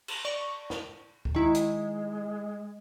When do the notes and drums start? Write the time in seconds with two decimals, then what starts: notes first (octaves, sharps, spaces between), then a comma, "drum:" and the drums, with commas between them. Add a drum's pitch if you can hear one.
0.08 drum: cymbal
0.25 D5 C#6
0.70 drum: snare
1.25 drum: kick D2
1.35 D#3 G#3 E4
1.55 drum: hi-hat